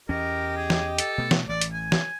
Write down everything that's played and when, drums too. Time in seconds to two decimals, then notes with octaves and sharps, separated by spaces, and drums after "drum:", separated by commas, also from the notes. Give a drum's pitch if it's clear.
0.09 E2 C#4 G4 A#4 D#5
0.57 G#4
0.70 drum: snare
0.98 A4, drum: hi-hat
1.18 B2 A3
1.31 drum: snare
1.49 A1 E3 D5
1.61 drum: hi-hat
1.73 G#5
1.92 drum: snare